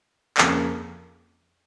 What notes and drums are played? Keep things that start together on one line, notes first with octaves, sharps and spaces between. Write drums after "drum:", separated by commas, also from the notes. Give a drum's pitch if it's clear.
F2 C#3 F3 A#3, drum: clap